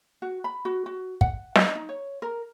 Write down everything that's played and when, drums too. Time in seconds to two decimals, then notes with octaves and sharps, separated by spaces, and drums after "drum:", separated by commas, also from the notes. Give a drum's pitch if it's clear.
0.22 F#4
0.44 B5
0.65 F#4
0.86 F#4
1.21 F#5, drum: kick
1.56 D#5, drum: snare
1.75 D#4
1.89 C#5
2.22 A#4